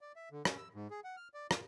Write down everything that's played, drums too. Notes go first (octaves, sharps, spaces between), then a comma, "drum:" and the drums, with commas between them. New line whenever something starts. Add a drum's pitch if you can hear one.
D5
E5
D3
C#4, drum: rim click
E6
G#2
G#4
F#5
F6
D5
F4, drum: rim click